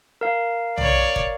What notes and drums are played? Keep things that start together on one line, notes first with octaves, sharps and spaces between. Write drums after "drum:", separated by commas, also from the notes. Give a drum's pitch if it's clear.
A#4 F5
C#5 D5, drum: tom B1
drum: kick